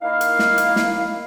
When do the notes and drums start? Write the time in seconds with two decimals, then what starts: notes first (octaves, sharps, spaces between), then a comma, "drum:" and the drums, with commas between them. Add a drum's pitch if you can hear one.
0.02 A#3 D#4 E4 A#4 F5
0.21 drum: hi-hat
0.39 drum: snare
0.58 drum: hi-hat
0.76 drum: snare